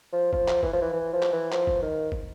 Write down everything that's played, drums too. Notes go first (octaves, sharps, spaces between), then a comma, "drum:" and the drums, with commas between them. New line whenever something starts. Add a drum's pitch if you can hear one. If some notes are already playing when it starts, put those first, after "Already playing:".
F3
F3, drum: kick
drum: clap
E3, drum: kick
F3
E3
E3
F3
drum: clap
E3
F3, drum: clap
drum: kick
D#3
drum: kick